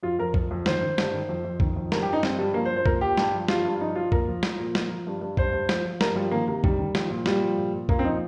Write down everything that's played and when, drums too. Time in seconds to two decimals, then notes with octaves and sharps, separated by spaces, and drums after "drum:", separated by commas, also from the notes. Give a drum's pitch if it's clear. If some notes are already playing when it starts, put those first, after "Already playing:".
0.03 F2 F4
0.19 F2 A#4
0.34 F2, drum: kick
0.51 F2
0.66 D#3 C5, drum: snare
0.82 D#3
0.98 G2, drum: snare
1.14 D#3
1.29 F2
1.45 F2
1.60 D#3, drum: kick
1.76 F2
1.92 G2 A#4, drum: snare
2.02 G4
2.08 F3 D#4
2.23 G2 C4, drum: snare
2.39 G2 G3
2.54 F3 A#3
2.65 C5
2.71 F3
2.76 C5
2.86 A#2 A#4, drum: kick
3.01 A#2 G4
3.18 G2, drum: snare
3.34 F3
3.48 G2 F4, drum: snare
3.65 G2
3.80 F3 D#4
3.96 F3 F4
4.12 A#2 A#4, drum: kick
4.28 F3
4.43 F3, drum: snare
4.60 A#2
4.75 F3, drum: snare
4.90 F3
5.07 G2
5.21 G2
5.37 G2 C5, drum: kick
5.53 G2
5.69 F3, drum: snare
5.85 F3
6.01 G2 A#4, drum: snare
6.16 F3 G3
6.31 D#3 A#3
6.48 C3 A#3
6.64 D#3 G3, drum: kick
6.79 D#3
6.95 F3, drum: snare
7.11 A#2
7.26 A#2 G3, drum: snare
7.42 F3
7.57 A#2
7.73 A#2
7.89 A#2 A#3, drum: kick
7.99 C4
8.05 F3 D#4